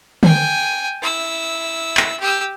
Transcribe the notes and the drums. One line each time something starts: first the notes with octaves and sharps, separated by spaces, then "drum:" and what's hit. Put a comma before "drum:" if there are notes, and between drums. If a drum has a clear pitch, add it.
G5 G#5, drum: tom
E4 E6
drum: clap
G4 E6